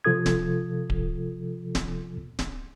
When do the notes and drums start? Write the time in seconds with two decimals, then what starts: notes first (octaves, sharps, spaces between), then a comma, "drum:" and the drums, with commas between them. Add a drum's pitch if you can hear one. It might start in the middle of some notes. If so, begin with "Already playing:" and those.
0.04 C3 F3 F4 A4 D#6 G#6
0.26 drum: snare D1
0.90 drum: kick D1
1.75 drum: snare D1
2.39 drum: snare D1